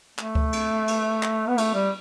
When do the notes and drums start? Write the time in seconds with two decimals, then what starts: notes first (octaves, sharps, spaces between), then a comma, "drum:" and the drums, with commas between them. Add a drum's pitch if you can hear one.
0.18 A3, drum: clap
0.35 drum: kick C#2
0.53 drum: cymbal
0.88 drum: cymbal
1.23 drum: clap
1.47 B3
1.58 A3, drum: cymbal
1.74 G3